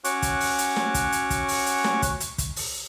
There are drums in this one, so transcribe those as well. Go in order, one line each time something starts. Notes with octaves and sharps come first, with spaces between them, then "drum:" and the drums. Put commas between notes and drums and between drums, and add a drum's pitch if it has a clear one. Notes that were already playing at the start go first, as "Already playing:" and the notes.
C#4 F#4 C#5 F#5 C#6 D6, drum: hi-hat
drum: kick, hi-hat
drum: open hi-hat
drum: hi-hat
drum: snare
drum: kick, hi-hat
drum: hi-hat
drum: kick, hi-hat
drum: open hi-hat
drum: hi-hat
drum: snare
drum: kick, hi-hat
drum: hi-hat
drum: kick, hi-hat
drum: open hi-hat